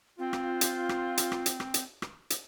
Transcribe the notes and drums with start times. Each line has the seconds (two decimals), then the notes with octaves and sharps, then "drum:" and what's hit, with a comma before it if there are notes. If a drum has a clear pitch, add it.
0.19 C4 F4
0.33 drum: rim click
0.61 drum: hi-hat
0.89 drum: rim click
1.17 drum: hi-hat
1.32 drum: rim click
1.46 drum: hi-hat
1.60 drum: rim click
1.74 drum: hi-hat
2.02 drum: rim click
2.30 drum: hi-hat